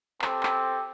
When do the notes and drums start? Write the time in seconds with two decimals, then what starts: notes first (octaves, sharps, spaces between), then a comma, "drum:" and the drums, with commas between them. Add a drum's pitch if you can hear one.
0.22 C4 G4 A4, drum: clap
0.43 drum: clap